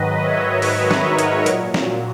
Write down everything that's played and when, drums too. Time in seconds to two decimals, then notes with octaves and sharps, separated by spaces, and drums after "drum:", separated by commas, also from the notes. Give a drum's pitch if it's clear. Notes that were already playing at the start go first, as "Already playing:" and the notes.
Already playing: G#2 D#3 F#3 B4 D#5
0.20 C#5 E5
0.62 B4 D#5, drum: open hi-hat
0.91 drum: snare
1.05 A#4 C#5
1.19 drum: hi-hat
1.46 A#2 F#3, drum: hi-hat
1.74 drum: snare